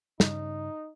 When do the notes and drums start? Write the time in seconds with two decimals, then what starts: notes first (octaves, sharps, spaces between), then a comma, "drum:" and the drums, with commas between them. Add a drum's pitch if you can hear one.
0.20 G2 C#3 D#4, drum: snare